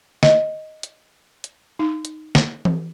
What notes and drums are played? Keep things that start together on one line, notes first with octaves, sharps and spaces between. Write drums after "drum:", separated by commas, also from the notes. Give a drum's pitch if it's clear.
D#5, drum: snare
drum: hi-hat
drum: hi-hat
D#4
drum: hi-hat
drum: snare
drum: tom E3